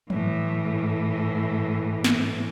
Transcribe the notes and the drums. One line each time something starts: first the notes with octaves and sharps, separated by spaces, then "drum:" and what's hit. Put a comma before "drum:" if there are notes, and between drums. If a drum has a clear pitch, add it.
A2 E3, drum: tom F3
drum: snare